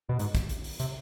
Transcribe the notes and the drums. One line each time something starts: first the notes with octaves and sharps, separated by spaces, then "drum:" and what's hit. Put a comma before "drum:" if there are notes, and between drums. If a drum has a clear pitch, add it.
B2
G#2, drum: hi-hat
drum: kick, hi-hat
drum: hi-hat
drum: open hi-hat
C3, drum: hi-hat